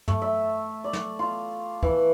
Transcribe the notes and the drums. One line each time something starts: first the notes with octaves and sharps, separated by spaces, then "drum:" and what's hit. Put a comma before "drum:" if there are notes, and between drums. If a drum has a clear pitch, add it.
A3, drum: tom
E5
D5
drum: snare
F4
E3, drum: kick C2